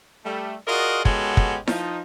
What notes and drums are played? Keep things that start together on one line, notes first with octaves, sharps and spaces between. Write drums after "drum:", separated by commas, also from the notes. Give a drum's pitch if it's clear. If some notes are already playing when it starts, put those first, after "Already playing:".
G3 A3
F4 F#4 G#4 A#4 D5 D#5
G#3 B3 C#4 F#4 G4 A4, drum: kick
drum: kick
F3 D#4, drum: snare E4